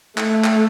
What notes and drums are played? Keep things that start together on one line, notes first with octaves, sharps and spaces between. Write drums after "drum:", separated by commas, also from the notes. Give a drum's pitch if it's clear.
A3, drum: clap
drum: clap